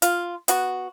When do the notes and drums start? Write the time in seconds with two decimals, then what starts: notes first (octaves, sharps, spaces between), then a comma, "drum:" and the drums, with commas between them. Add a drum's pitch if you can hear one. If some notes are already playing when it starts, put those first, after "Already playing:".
0.02 F4, drum: hi-hat
0.48 B3 F#4, drum: hi-hat